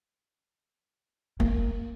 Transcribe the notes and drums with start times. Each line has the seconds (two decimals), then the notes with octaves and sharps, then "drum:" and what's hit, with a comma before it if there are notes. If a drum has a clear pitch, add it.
1.40 A#3, drum: kick